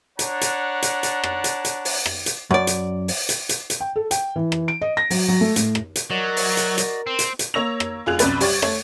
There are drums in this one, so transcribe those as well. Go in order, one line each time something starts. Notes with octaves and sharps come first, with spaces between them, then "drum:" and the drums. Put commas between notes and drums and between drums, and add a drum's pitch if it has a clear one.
D4 C#5 F#5 A5 A#5, drum: hi-hat
drum: hi-hat
drum: hi-hat
drum: hi-hat
drum: rim click
drum: hi-hat
drum: hi-hat
drum: open hi-hat
drum: rim click
drum: hi-hat
F#2 D5
drum: hi-hat
drum: open hi-hat
drum: hi-hat
drum: hi-hat
drum: hi-hat
G5
A4
G5, drum: hi-hat
E3
drum: rim click
D7
D#5
A#6
F#3, drum: open hi-hat
F#3
A3
A2, drum: hi-hat
drum: rim click
drum: hi-hat
F#3 F#4 A#4 D5 D#5
drum: open hi-hat
drum: hi-hat
drum: hi-hat
C4
drum: hi-hat
drum: hi-hat
A#3 C#5 E6 A#6 F7
drum: rim click
F1 F4 G#4 F#6 F7
C2 F#2 B4 A6, drum: hi-hat
G3 G4 D5 C#6 G#6 A6, drum: open hi-hat
A3 C#5, drum: rim click